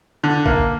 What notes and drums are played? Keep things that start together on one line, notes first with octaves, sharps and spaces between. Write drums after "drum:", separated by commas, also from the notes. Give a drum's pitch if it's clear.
D3
A#3, drum: kick